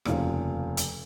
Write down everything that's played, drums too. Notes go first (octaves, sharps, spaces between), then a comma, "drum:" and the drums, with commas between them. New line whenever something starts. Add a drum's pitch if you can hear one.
F1 D#2 C#3 F3 F5, drum: rim click
drum: hi-hat